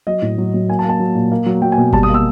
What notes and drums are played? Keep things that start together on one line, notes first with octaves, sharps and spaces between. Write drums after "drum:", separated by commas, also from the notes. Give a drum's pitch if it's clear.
F#3 D#5
A2
F#3
F#3
A#3 G#5
A5
A#3
A5
F#3
A#2
A#3
F#3
F#3 G5
G#5
B2
G3 A5, drum: kick G1
D#6
A#3 E6